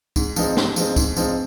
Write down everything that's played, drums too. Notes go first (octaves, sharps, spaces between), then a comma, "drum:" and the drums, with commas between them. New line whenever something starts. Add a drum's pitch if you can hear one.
G#2, drum: kick, tambourine
F3 G#3 C4 D#4, drum: tambourine
G#2, drum: snare
F3 G#3 C4 D#4, drum: tambourine
G#2, drum: kick, tambourine
F3 G#3 C4 D#4, drum: tambourine